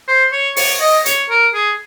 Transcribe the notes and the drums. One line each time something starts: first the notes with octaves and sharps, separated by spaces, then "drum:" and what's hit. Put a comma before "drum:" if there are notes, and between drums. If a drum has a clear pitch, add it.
C5
C#5
C#5, drum: open hi-hat
D#5
C#5, drum: hi-hat
A#4
G#4